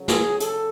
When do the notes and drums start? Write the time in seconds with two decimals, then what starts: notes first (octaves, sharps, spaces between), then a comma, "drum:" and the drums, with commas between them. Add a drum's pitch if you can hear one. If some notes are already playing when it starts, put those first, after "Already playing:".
Already playing: C#3 F#3
0.08 G#4, drum: snare
0.40 A4, drum: hi-hat